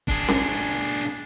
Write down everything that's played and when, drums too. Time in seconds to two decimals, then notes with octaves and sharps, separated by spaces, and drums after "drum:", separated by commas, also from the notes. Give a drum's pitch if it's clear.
0.08 D4 G#4, drum: kick
0.28 drum: snare C#4